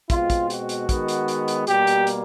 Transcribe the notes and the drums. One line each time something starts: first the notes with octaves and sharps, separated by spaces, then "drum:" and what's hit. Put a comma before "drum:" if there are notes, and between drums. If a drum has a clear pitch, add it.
B2 G#3 C4 F4, drum: kick, hi-hat
drum: kick, hi-hat
F#4, drum: hi-hat
drum: hi-hat
D#3 G#3 B3, drum: kick, hi-hat
drum: hi-hat
drum: hi-hat
drum: hi-hat
B2 G3 A#3 G4, drum: hi-hat
drum: hi-hat
drum: hi-hat